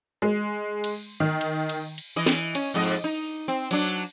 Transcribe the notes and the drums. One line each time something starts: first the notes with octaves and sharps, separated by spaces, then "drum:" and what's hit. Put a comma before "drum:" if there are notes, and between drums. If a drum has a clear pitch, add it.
G#3
drum: cymbal
D#3
drum: cymbal
drum: cymbal
drum: cymbal
E3 D#5
drum: snare
C#4, drum: cymbal
F2 G#2 D#5
drum: cymbal
D#4
C4
F#3 D4, drum: cymbal